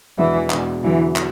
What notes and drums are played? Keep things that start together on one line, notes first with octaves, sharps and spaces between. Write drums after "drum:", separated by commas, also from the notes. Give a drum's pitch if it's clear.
E2 B2 E3 G#3 D4 F#4
E2 B2 G#3 D4 F#4, drum: clap
E2 D3 E3 F#3
F#3, drum: clap